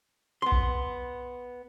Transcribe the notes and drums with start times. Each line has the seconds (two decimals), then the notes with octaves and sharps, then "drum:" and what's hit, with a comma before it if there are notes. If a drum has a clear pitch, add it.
0.42 B3 C6
0.52 drum: kick A#1